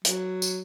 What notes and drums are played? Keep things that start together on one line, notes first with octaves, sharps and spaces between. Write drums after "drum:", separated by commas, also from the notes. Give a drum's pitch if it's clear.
F#3, drum: hi-hat
drum: tambourine